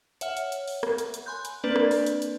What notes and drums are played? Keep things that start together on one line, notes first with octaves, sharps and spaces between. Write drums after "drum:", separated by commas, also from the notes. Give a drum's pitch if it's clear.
C#5 E5 F#5 F6, drum: hi-hat
drum: hi-hat
drum: hi-hat
drum: open hi-hat
drum: rim click
drum: hi-hat
drum: hi-hat
G#5 B5 C6 F#6 G6
drum: hi-hat
A#3 C4 D4 B4 D5
drum: rim click
drum: open hi-hat
drum: hi-hat
drum: hi-hat